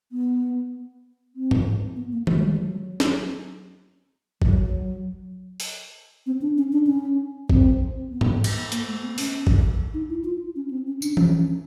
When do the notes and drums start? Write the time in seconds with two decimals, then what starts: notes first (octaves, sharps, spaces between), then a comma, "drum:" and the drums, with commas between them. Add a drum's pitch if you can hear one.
0.12 B3
1.35 C4
1.51 drum: tom G#2
1.96 B3
2.12 A#3
2.27 A3, drum: tom
2.36 G#3
2.43 G3
2.58 F#3
3.00 drum: snare
4.42 F#3, drum: kick G#1
5.60 drum: open hi-hat
6.26 C4
6.42 D4
6.57 C#4
6.73 D4
6.87 C#4
7.50 C4, drum: kick G#1
8.11 B3
8.21 drum: tom G#2
8.44 drum: cymbal
8.72 A#3, drum: hi-hat
8.87 A3
9.03 B3
9.18 C#4, drum: open hi-hat
9.47 drum: kick G#1
9.94 D#4
10.10 E4
10.25 F4
10.56 C#4
10.71 C4
10.87 C#4
11.02 D4, drum: tambourine
11.17 C#4, drum: tom E3
11.38 C#4